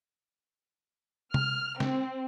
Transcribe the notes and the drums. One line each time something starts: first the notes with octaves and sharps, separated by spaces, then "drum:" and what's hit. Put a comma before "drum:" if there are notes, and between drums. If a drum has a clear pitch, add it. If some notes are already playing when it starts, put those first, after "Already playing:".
F6, drum: tom C3
C4, drum: snare